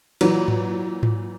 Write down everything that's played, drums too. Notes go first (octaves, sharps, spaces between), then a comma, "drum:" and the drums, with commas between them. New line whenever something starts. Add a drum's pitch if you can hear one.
A#2 E3 F#3, drum: cymbal
drum: tom G#2
drum: tom G#2